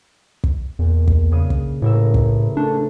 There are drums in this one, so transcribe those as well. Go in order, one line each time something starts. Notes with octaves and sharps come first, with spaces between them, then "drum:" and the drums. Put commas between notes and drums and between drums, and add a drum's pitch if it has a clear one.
drum: kick
E2 A#2
drum: kick
C#3 D4 D#6
drum: kick
A1 A2 A#4 E6
drum: kick
A3 D4